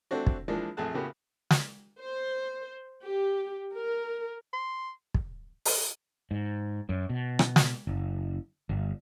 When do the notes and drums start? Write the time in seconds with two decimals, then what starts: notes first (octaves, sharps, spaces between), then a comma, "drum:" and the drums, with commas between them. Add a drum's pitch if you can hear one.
0.11 A3 C4 D4 F#4
0.27 drum: kick
0.48 E3 F3 G#3 A#3 D4
0.77 A#1 F2 A3 G#4 A5 F#6
0.94 A2 C#3 A#3 B3 F#4 G4
1.51 drum: snare
1.98 C5
3.04 G4
3.75 A#4
4.53 C6
5.14 drum: kick
5.65 drum: open hi-hat
6.31 G#2
6.89 F#2
7.10 B2
7.39 drum: rim click
7.56 drum: snare
7.87 F#1
8.69 G1